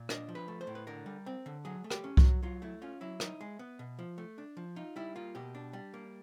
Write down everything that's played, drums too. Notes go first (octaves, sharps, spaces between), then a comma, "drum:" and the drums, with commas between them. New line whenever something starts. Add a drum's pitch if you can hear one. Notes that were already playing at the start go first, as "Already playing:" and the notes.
Already playing: A#2
D4 D#5, drum: rim click
F3
B4
A3
C5
A2
B4
D3 A#4
G3
C4
D3
F#3 G#4
A3
G4, drum: rim click
C#4
F#4, drum: kick C2
F#3
F#3 F4
A3 E4
C#4 F4
F#3 E4
D#4, drum: rim click
G#3
B3
B2
F3
A3
D4
F3
D#4 F4
G3 E4
A#3 F4
B2 G4
D4
G3
A#3